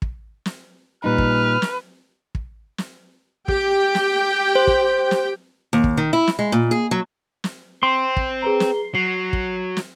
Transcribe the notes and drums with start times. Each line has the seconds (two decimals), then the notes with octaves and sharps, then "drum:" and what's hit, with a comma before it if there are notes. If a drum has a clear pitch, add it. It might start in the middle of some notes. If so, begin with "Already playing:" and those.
0.02 drum: kick
0.46 drum: snare
1.04 A#2 G3 D#4 B4 F6
1.18 drum: kick
1.62 drum: snare
2.35 drum: kick
2.78 drum: snare
3.48 G4 G5, drum: kick
3.95 drum: snare
4.55 C5
4.67 drum: kick
5.11 drum: snare
5.73 D#2
5.84 drum: kick
5.97 D#3
6.13 E4
6.27 drum: snare
6.39 G#3
6.52 A#2
6.71 G#4
6.91 F#3
7.44 drum: snare
7.83 C4 C6
8.17 drum: kick
8.42 G#4 B4 A#5
8.60 drum: snare
8.95 F#3 C7
9.33 drum: kick
9.77 drum: snare